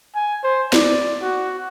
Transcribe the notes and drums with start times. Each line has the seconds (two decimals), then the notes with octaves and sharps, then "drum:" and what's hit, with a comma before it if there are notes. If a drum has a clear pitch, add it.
0.15 G#5
0.43 C5
0.73 D5, drum: snare
1.21 F#4